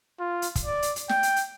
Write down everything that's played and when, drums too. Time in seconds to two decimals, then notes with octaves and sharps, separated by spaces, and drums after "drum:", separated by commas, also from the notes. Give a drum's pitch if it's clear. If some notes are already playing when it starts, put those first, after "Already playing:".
0.20 F4
0.42 drum: hi-hat
0.55 drum: kick, hi-hat
0.65 D5
0.82 drum: hi-hat
0.96 drum: hi-hat
1.09 G5, drum: snare
1.23 drum: hi-hat
1.36 drum: hi-hat